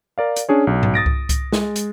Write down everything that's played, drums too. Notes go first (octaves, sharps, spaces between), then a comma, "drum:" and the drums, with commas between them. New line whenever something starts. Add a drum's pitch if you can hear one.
A#4 D5 F5
drum: hi-hat
C#4 D4 G#4 C#5
B1
drum: tom G#2
D#6 A6 A#6 D7
drum: kick C2
drum: kick C2, hi-hat
G#3, drum: snare
drum: hi-hat